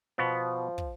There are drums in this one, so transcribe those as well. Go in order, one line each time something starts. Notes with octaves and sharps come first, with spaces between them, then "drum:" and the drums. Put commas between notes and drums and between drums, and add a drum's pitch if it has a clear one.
B2 F3 B3
drum: kick